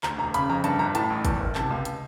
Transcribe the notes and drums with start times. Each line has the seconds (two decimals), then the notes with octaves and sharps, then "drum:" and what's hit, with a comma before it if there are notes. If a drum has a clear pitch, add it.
0.03 D2 A#5, drum: clap
0.18 E1 A#5
0.34 C#3 B5, drum: hi-hat
0.49 F2 A#5
0.64 G2 A5, drum: hi-hat
0.79 G1 A#5
0.95 A2 A5, drum: hi-hat
1.10 A1
1.25 E2, drum: kick, hi-hat
1.40 F#1
1.55 C3 A5, drum: clap
1.71 C#2
1.85 drum: hi-hat